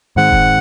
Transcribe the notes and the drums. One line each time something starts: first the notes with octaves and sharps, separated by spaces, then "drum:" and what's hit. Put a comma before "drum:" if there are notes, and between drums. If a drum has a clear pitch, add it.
G#2 D#3 G#3 C4 F#5
drum: kick F1